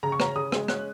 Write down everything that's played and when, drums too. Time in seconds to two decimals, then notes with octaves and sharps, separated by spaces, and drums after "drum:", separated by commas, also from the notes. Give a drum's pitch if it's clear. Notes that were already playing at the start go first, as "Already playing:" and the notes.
0.03 C#3 A#5
0.12 C#6
0.20 C#4 A#5, drum: rim click
0.36 C#3 D#6
0.52 G#3, drum: rim click
0.68 C#4 F#6, drum: rim click